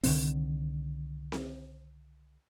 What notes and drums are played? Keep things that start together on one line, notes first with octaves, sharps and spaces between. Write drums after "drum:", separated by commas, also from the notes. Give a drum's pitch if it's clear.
C2 D3 D#3 C4, drum: open hi-hat
drum: snare C4